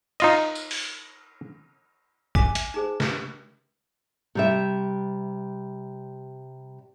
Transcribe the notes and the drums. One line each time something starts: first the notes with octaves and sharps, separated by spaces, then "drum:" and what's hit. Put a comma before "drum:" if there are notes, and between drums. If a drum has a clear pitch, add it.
D#4 F4 D#5, drum: cymbal
drum: tambourine
drum: open hi-hat
G#5 D6 B6, drum: kick
E5, drum: hi-hat
D#4 G#4 C5 A5
drum: snare
C3 G3 E5